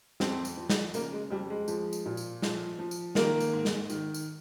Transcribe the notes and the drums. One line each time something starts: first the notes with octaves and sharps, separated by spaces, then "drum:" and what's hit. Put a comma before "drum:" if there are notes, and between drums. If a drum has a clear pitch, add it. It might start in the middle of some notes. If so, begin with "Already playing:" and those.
F2 C4, drum: snare
drum: tambourine
F3
drum: snare
C#3 A#3, drum: tambourine
G#3
F2 G3
G#3
F3, drum: tambourine
drum: tambourine
A#2
drum: tambourine
F3, drum: snare
F3
drum: tambourine
D#3 A#3, drum: snare
drum: tambourine
G#2
drum: snare
D#3, drum: tambourine
drum: tambourine